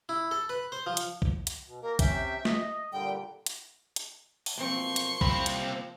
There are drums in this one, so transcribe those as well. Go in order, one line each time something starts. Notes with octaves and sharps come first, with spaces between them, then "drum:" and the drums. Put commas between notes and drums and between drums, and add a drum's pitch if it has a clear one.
E4
A4
B4
C5
F3
drum: hi-hat
drum: kick
drum: hi-hat
B2
A#3 A#4
C3 C#4 E5 G5, drum: kick, hi-hat
D#5, drum: snare
A#2 D3 G3 G5
drum: hi-hat
drum: hi-hat
drum: open hi-hat
B1 F3 A#3 C4 C6 C#6
drum: hi-hat
C2 C4 B5, drum: kick
drum: hi-hat